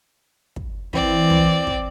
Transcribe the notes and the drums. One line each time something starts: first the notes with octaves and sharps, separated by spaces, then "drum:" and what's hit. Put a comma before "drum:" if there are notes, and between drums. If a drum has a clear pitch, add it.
drum: kick
E3 C4 D5, drum: kick
drum: tom
drum: kick